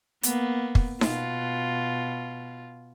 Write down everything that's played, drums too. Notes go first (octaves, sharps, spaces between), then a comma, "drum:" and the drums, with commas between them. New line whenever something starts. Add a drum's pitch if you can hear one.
A#3 B3, drum: hi-hat
drum: kick
B2 F4, drum: snare D#4